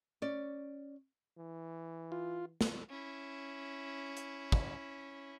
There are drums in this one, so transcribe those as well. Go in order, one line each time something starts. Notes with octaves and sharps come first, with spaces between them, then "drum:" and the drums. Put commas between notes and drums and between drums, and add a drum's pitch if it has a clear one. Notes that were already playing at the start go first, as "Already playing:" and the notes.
C#4 D5
E3
F4
drum: snare
C#4 E4
drum: hi-hat
drum: kick